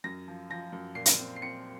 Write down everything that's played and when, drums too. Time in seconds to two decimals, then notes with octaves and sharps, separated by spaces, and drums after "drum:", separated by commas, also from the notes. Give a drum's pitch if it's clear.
0.04 F#2 A#6
0.28 F3
0.50 F3 A#6
0.72 F#2
0.95 A#2 C7
1.06 drum: hi-hat
1.19 C4
1.36 C7
1.42 C4 C#7